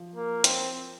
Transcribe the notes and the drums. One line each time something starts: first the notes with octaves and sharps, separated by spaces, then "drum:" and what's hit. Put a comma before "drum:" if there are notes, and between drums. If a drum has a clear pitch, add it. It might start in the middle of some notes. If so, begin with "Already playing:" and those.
Already playing: F3
A#3
C4, drum: hi-hat